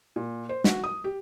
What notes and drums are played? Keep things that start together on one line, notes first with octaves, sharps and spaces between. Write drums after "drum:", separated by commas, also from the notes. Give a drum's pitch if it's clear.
A#2
C5
F#4, drum: snare
D#6
G4